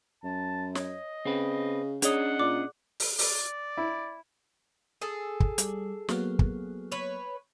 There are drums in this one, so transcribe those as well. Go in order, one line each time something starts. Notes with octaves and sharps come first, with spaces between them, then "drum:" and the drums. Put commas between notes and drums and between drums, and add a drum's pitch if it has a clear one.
F#2 A5
C#5 D#5, drum: snare
C#3 C4 B4
C#4 D4 G#4 C#5 D#5 F#5 D#6, drum: hi-hat
A#2 D5 D6
drum: open hi-hat
D5, drum: open hi-hat
E4
G#4 A4
drum: kick
G3, drum: hi-hat
F#3 A#3 B3, drum: snare
drum: kick
B4 C#5